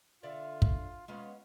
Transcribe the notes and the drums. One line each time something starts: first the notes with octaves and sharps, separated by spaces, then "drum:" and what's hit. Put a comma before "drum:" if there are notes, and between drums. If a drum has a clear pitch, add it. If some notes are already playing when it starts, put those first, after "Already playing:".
D3 F4 D5 E5
drum: kick
G#3 B3 C#4 F4